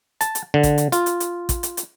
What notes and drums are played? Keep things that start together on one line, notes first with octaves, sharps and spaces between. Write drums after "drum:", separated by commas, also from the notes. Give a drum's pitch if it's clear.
A5, drum: hi-hat
drum: hi-hat
D3
drum: kick A1, hi-hat
drum: hi-hat
F4, drum: hi-hat
drum: hi-hat
drum: hi-hat
drum: kick A1, hi-hat
drum: hi-hat
drum: hi-hat